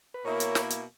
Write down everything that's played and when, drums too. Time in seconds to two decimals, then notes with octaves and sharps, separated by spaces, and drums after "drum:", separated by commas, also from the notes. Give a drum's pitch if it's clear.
0.14 B4
0.24 B2 A#3 E4 A#4 C#5
0.40 drum: hi-hat
0.55 drum: snare
0.70 drum: hi-hat